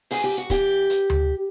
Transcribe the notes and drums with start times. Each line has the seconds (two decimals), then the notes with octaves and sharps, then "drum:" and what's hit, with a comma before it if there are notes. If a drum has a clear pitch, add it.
0.11 G#2 G#4, drum: open hi-hat
0.24 G4
0.38 F#4
0.50 E3 G4, drum: kick, hi-hat
0.90 drum: hi-hat
1.10 drum: tom D2